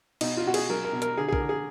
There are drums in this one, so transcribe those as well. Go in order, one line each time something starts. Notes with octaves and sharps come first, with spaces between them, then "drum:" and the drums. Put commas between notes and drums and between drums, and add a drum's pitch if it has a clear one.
B2 D#4, drum: cymbal
F4
B2 F#4
G#4, drum: cymbal
F#3 A#4
A#4
B2
A#4, drum: hi-hat
D3 G#4
G#4
A#4, drum: kick A#1
D3
G#4